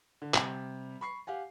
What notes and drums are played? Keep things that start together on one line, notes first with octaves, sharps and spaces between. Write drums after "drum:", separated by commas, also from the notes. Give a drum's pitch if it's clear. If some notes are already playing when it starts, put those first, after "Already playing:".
D3
C3 G3, drum: clap
B5 C#6 C7
G4 F5 F#5 G#5